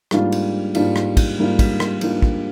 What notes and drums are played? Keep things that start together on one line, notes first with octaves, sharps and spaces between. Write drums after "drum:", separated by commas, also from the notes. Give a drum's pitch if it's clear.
G#2 G3 A#3 D4 F4, drum: rim click
drum: cymbal
G#2 G3 A#3 D4 F4, drum: cymbal
drum: rim click
drum: kick, cymbal
G#2 G3 A#3 D4 F4
drum: kick, cymbal
drum: rim click
G#2 G3 A#3 D4 F4, drum: cymbal
drum: kick